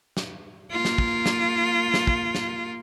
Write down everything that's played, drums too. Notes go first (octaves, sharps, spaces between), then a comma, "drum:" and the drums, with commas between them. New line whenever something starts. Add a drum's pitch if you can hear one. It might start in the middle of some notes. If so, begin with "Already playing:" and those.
drum: snare
A#3 F4
drum: snare
drum: kick
drum: snare
drum: snare
drum: kick
drum: snare